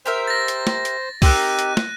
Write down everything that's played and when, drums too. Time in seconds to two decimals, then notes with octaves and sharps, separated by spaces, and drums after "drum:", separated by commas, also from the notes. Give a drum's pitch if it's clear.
0.06 G4 A#4 C5 E5
0.27 A6 A#6
0.48 drum: hi-hat
0.67 drum: snare
0.85 drum: hi-hat
1.22 C4 D#4 G4 A#4 F#6 D#7, drum: kick C2, open hi-hat
1.59 drum: hi-hat
1.77 drum: snare